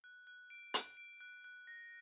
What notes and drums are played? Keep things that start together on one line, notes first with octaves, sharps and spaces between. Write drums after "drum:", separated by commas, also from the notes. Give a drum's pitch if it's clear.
F#6
F#6
D7
F#6, drum: hi-hat
D7
F#6
F#6
A#6